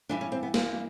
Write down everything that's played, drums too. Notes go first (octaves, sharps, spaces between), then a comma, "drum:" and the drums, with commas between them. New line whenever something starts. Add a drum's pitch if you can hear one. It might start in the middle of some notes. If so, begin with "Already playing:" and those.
G2 E3 G3 D4
C#4
C4
B3
A#3, drum: snare